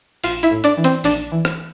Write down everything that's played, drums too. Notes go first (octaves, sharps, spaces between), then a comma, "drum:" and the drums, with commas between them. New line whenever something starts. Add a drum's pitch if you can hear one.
A#1 F4 F5, drum: open hi-hat
E4 E5, drum: hi-hat
A2
D4 D5, drum: hi-hat
E3
C4 C5, drum: hi-hat
A#1 D4 D5, drum: open hi-hat
E3
drum: rim click